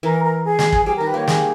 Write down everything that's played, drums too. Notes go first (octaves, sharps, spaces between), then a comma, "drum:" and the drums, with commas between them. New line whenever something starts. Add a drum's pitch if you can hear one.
E3 A#4
A#4
G#4
drum: snare
drum: kick
G3 G#4
D#3 A#4
B4
A#3 C#5
G3 G#4, drum: snare